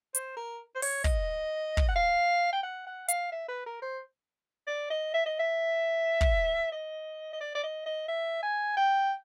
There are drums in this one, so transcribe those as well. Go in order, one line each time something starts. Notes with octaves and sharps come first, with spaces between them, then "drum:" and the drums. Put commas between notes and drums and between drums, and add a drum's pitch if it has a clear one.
C5, drum: hi-hat
A#4
C5
C#5, drum: open hi-hat
D#5, drum: kick
drum: kick
F#5
F5
G5
F#5
F#5
F5, drum: hi-hat
E5
B4
A#4
C5
D5
D#5
E5
D#5
E5
drum: kick
D#5
D#5
D5
D5
D#5
D#5
E5
G#5
G5